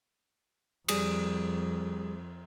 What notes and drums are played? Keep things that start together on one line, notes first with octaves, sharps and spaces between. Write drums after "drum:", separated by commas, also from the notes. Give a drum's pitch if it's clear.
F2 G3 G#4 D#6, drum: cymbal